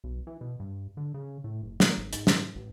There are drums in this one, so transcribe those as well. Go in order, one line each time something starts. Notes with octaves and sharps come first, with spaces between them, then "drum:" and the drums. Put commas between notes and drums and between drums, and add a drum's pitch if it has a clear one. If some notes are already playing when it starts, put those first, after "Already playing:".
B1
E3
B2
G2
D3
C#3
A2
F#1
A#3, drum: snare
G#1
G#2, drum: hi-hat
drum: snare
A1